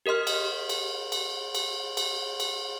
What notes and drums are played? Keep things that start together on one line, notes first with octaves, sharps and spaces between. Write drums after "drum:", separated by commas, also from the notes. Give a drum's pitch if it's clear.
G4 A#4 D#5 C6 F6
drum: cymbal
drum: cymbal
drum: cymbal
drum: cymbal
drum: cymbal
drum: cymbal